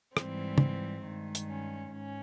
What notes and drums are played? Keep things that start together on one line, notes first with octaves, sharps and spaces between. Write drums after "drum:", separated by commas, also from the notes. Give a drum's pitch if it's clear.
G#2 E3 G3 C4, drum: rim click
drum: tom
G2 D#3 G#3
drum: hi-hat
C#4
G#2 C#4